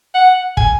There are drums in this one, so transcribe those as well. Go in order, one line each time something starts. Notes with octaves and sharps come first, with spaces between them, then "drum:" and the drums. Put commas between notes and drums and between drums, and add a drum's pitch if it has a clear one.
F#5
G#5, drum: kick